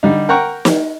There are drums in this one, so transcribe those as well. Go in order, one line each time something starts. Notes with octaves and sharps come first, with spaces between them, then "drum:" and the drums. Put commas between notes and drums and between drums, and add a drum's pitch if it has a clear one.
D3 G3 D#4
A#4 F#5 G5 A#5 C#6
drum: snare